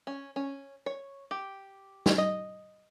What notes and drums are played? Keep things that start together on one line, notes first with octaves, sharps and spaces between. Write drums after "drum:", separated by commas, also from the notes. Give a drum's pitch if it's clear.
C#4
C#4
C#5
G4
drum: snare
D#5